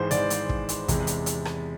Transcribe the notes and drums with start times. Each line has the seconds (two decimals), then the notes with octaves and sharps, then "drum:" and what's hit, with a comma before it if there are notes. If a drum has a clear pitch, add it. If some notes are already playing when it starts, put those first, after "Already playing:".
Already playing: G#1 G#2 E3 G#3 C5
0.11 G#1 G#2 E3 G#3 D5, drum: hi-hat
0.30 drum: hi-hat
0.49 drum: kick
0.69 drum: hi-hat
0.88 E2 C3 G#3, drum: kick, hi-hat
1.07 drum: hi-hat
1.26 drum: hi-hat
1.45 drum: rim click